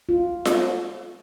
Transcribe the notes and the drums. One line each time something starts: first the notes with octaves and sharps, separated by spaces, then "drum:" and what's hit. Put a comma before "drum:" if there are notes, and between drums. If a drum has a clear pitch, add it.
F4
drum: snare F4